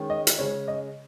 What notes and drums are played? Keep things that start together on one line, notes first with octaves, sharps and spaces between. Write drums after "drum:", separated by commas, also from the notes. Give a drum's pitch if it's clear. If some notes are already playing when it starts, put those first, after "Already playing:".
Already playing: D#3 G#3 C#4
D#5
drum: hi-hat
C#3 G#3 C#4 C#5
D#5